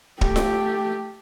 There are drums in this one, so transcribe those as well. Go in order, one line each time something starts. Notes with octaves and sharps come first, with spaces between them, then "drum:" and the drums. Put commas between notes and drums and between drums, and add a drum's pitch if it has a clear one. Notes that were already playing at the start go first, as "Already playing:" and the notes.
A3 G4, drum: kick
drum: snare F4